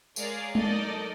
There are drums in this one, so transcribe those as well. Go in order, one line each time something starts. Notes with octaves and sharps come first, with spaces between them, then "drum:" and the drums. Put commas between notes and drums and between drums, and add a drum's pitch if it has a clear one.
G#3 G#4 A#4 C#5 D5 F5, drum: tambourine
F#3 D#4 A4 A#4 D5 D#5, drum: tom G#3